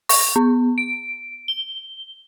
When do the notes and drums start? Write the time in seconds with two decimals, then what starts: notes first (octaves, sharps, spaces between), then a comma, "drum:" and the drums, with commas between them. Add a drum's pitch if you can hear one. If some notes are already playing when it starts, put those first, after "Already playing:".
0.09 C#6, drum: open hi-hat
0.36 B3
0.78 D7
1.48 G7